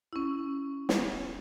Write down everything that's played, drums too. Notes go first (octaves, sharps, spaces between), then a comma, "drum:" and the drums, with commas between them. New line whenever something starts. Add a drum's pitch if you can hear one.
C#4 E4
drum: snare